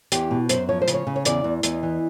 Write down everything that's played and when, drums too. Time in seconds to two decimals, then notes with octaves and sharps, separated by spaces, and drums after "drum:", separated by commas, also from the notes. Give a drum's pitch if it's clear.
0.12 E2 G4, drum: hi-hat
0.31 B2
0.49 F#2 C5, drum: hi-hat
0.69 F3 C#5
0.82 C5
0.88 C#3, drum: hi-hat
0.94 C#5
1.07 C#3
1.16 C#5
1.25 E2 D5, drum: hi-hat
1.44 E2
1.63 E2 D#5, drum: hi-hat
1.83 E3